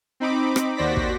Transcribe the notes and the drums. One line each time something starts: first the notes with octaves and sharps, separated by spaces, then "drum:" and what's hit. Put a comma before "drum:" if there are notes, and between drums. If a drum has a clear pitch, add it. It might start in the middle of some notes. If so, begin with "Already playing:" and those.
C4 D#4 B5 D6
drum: rim click
D#2 F#4 C5 D5 A#6 B6
drum: kick